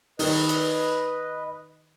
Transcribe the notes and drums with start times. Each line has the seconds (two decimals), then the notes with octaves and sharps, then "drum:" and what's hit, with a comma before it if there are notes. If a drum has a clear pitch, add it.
0.19 D#3 B4 D#5, drum: open hi-hat
0.49 drum: hi-hat